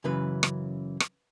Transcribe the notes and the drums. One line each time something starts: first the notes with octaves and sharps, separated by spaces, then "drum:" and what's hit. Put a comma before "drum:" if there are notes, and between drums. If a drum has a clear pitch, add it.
F#2 C#3 E3 B4
drum: rim click
drum: rim click